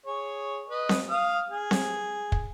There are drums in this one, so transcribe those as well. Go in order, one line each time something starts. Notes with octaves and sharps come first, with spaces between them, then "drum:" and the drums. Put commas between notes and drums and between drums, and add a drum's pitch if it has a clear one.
G#4 C#5
B4 D#5
drum: snare C4
F5 D#6 F6
G#4
drum: snare C4
drum: kick